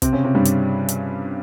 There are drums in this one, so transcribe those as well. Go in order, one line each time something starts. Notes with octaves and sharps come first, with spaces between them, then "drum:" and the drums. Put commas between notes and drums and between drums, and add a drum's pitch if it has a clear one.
C3 C4, drum: kick, hi-hat
C#3 C#4
C3 C4
G2 G3
drum: hi-hat
drum: hi-hat